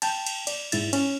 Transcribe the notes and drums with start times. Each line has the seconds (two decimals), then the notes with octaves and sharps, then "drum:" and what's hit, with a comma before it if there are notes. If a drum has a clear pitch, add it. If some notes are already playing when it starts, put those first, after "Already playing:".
0.02 G5 A5, drum: cymbal
0.26 drum: cymbal
0.47 D5, drum: cymbal
0.72 G#2 E4 A6, drum: cymbal
0.93 C#4, drum: cymbal